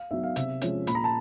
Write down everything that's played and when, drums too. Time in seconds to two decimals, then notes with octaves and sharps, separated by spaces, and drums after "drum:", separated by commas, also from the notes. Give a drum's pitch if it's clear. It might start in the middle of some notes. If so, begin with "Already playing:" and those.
Already playing: F5
0.11 F#3 B3 D#4 E5
0.23 F5
0.36 C3 E5, drum: hi-hat
0.62 F3 G#3 C#4, drum: hi-hat
0.87 A#2 B5, drum: hi-hat
0.95 A#5
1.04 A5